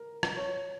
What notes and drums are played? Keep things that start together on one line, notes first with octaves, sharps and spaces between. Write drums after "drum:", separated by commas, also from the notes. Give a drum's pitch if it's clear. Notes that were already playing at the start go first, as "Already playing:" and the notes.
Already playing: A#4
drum: rim click
C#5